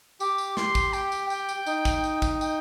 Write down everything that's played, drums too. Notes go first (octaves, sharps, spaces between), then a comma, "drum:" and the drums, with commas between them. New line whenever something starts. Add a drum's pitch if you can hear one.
G4 D6, drum: tambourine
drum: tambourine
C6, drum: snare
drum: kick, tambourine
G5, drum: tambourine
drum: tambourine
G5, drum: tambourine
drum: tambourine
D#4, drum: tambourine
drum: kick, tambourine
drum: tambourine
drum: kick, tambourine
G5, drum: tambourine